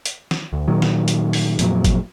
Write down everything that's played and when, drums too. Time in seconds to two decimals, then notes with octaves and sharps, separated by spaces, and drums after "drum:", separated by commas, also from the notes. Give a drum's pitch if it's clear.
0.05 drum: hi-hat
0.31 drum: snare
0.53 D2
0.68 A#2 D#3 F#3
0.82 drum: snare
1.08 drum: hi-hat
1.33 drum: open hi-hat
1.59 F2 A#2 F#3, drum: hi-hat
1.84 drum: kick G1, hi-hat